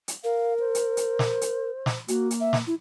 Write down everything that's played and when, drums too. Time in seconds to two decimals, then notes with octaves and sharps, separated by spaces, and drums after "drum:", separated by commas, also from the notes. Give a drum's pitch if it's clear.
0.08 drum: hi-hat
0.24 A#4 F5
0.60 C5
0.75 drum: hi-hat
0.97 drum: hi-hat
1.19 drum: snare
1.41 drum: hi-hat
1.86 drum: snare
2.08 A#3 F#4, drum: hi-hat
2.31 drum: hi-hat
2.40 E5
2.53 drum: snare
2.67 E4